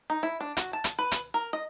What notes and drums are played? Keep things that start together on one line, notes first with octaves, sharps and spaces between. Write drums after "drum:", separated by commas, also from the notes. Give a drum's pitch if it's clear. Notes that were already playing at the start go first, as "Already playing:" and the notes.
D#4
E4
D4
F#4, drum: hi-hat
A5
drum: hi-hat
B4
drum: hi-hat
A#4
D#5